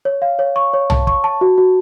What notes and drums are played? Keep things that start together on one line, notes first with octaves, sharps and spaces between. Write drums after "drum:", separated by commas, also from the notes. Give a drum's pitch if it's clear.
C#5
F5
C#5
C#6
C#5
A5, drum: tom
C#6, drum: kick
A5
F#4
F#4